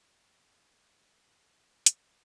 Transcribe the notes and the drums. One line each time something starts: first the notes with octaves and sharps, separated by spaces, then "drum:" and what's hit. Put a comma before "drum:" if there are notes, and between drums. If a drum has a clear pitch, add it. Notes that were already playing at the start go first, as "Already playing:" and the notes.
Already playing: B4
A1 G#2 F3 A3 F#4
G4
G#4
A4
C#2 C3 D#3 G3 A#4
G#1 G2 D#3
A4
G#4
B1 A#2 G3 B3 G4, drum: hi-hat